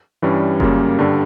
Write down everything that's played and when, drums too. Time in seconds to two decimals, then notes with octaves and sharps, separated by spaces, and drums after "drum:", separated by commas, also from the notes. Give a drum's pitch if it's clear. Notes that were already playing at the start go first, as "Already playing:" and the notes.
0.22 G2 E3 G3 C#4
0.60 F#2 C#3 G3 A#3 C#4, drum: kick F1
0.99 G2 D3 G3